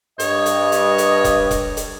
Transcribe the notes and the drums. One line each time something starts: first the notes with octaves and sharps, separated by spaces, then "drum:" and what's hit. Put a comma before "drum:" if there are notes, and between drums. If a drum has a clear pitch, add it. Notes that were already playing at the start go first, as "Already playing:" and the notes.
G2 C#5 D#5, drum: hi-hat
drum: hi-hat
drum: hi-hat
drum: hi-hat
drum: kick E1, hi-hat
drum: kick E1, hi-hat
drum: hi-hat